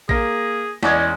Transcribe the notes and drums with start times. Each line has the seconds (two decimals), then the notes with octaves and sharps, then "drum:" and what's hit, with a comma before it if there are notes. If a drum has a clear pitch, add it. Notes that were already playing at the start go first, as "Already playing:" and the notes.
0.09 A#3 G#4 A#6, drum: kick A1
0.83 E2 G#3 C#4 D5 D#5, drum: snare